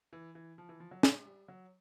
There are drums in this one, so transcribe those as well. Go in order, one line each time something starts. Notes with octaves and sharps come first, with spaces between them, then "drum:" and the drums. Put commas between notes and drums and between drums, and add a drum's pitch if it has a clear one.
E3
E3
F3
E3
F3
F#3
G#3, drum: snare
G3
F#3